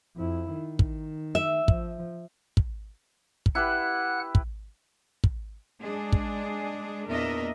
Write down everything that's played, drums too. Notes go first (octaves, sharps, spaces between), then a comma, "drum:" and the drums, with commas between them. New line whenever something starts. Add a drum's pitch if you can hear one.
F2 E4
D#3
drum: kick
E5
F3, drum: kick
drum: kick
drum: kick
E4 G4 B4 F#5 F#6
drum: kick
drum: kick
G#3 D4 G#4
drum: kick
E2 A#2 D4 A#4 D#5 E5